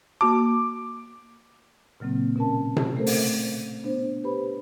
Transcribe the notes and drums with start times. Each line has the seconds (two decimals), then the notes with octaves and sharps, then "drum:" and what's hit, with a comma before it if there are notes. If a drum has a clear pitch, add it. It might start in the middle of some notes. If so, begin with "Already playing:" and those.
0.21 A#3 F#4 A5 D6
2.00 A#2 C#3 F#3 A#3 C4
2.36 B2 C#4 A#4 A5
2.76 drum: tom C3
2.97 A3 C4 A4 A#4 C5
3.07 drum: open hi-hat
3.83 B3 D4 C5
4.24 G4 B4 C5 B5